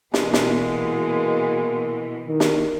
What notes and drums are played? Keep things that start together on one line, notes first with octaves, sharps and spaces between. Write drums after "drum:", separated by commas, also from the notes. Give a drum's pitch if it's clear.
B2 E3 G#3 A#3, drum: snare
drum: snare
D#3
drum: snare